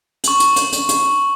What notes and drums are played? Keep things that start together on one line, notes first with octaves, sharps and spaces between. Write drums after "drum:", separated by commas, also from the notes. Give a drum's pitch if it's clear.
C#6 F#7, drum: hi-hat
drum: hi-hat
drum: hi-hat
drum: hi-hat
drum: hi-hat